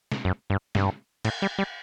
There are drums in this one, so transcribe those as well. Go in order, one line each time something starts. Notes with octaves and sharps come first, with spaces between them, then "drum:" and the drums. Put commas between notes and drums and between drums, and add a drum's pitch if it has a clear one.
drum: snare
F#2
G2
G2, drum: snare
A2, drum: cymbal
G3
G3